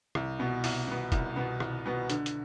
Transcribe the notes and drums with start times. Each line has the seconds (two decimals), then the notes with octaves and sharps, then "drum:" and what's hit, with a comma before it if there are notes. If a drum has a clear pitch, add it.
0.15 C2, drum: rim click
0.39 B2 B3
0.64 C2, drum: open hi-hat
0.87 B2 B3
1.12 C2, drum: kick, hi-hat
1.36 B2 B3
1.60 C2, drum: rim click
1.86 B2 B3
2.10 D3, drum: hi-hat
2.26 drum: hi-hat